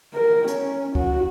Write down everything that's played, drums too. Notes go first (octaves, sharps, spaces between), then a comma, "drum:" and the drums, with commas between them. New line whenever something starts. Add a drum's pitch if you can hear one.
A#4
C#4, drum: hi-hat
F#4, drum: kick C#2